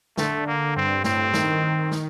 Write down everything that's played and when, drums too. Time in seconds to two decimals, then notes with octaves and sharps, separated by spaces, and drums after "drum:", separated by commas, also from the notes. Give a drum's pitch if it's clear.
0.17 D3 A3, drum: snare
0.46 A#3
0.76 G2 C4
1.04 A2 C4, drum: snare
1.34 D#3, drum: snare
1.92 drum: snare